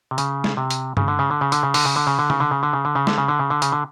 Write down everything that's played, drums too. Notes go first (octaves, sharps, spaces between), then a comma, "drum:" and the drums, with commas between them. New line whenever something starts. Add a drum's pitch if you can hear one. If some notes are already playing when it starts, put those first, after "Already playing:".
C3
C#3, drum: hi-hat
drum: snare G#3
C3
drum: hi-hat
C#3, drum: tom G2
D3
C#3
D3
C#3
D3, drum: hi-hat
C#3
D3, drum: open hi-hat
C#3
D3
C#3
D3
C#3, drum: tom C#3
D3
C#3
D3
C#3
D3
C#3
D3, drum: snare G#3
C#3
D3
C#3
D3
C#3, drum: hi-hat
D3